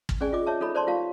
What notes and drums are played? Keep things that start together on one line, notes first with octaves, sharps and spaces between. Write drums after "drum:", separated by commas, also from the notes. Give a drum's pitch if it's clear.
drum: kick
C#4 G#4 D5 G#5
F4 D#5 D6
C#5 E5 A5
D#4 A4 C#5 A#5 B5
C5 D5 A5 C6
F4 G4 F5 A5